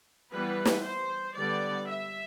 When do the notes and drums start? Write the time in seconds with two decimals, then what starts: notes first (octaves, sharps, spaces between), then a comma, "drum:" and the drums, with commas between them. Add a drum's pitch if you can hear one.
0.32 E3 G3 B3 B4
0.65 drum: snare
0.85 C5
1.36 D3 G3 B3 D5
1.88 E5